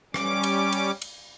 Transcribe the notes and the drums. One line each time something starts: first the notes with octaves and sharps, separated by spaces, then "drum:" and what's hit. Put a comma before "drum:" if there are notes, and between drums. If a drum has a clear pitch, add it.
G3 C#4 D6, drum: rim click
drum: cymbal
drum: cymbal
drum: cymbal